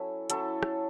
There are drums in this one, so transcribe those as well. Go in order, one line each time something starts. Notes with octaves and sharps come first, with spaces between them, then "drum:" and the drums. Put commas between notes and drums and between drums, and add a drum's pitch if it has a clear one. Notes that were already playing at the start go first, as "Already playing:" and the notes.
Already playing: F#3 C#4 E4 A4
F#3 C#4 E4 A4, drum: hi-hat
drum: rim click